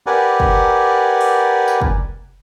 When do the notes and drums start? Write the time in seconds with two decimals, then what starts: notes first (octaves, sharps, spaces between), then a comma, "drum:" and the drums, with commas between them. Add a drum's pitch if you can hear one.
0.07 G4 A#4 B4 D5 F#5 G#5
0.40 drum: kick
1.21 drum: open hi-hat
1.68 drum: tambourine
1.82 drum: kick